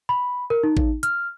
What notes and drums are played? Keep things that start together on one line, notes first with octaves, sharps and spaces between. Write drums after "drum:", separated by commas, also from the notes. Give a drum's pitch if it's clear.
B5
A#4
D#4
drum: kick A1
F6, drum: hi-hat